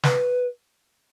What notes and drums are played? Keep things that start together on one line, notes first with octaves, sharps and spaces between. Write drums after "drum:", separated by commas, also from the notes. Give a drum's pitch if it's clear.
B4, drum: snare